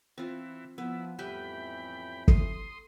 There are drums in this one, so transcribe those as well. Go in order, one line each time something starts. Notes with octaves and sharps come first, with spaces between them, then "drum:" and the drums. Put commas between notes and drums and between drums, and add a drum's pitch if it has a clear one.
E3 C4 F4
F3 B3 E4
F2 A2 E3 G3 B4 E5 G5 B5
A4 C6 D#6, drum: kick